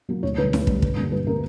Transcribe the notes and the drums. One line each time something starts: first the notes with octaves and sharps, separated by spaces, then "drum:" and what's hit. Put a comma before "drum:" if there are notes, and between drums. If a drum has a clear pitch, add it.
F#3 A#3
D2 C#5
D3 G3 B4
D2, drum: snare E4
D3 G3, drum: kick
G2, drum: kick
D3 G3 A#3
G2 B4
D3 G3 A#3 A#4